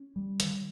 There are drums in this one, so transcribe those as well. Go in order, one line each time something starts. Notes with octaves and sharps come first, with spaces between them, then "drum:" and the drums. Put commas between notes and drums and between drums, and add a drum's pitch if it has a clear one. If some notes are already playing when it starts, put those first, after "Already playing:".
Already playing: C#4
G3
D#3, drum: hi-hat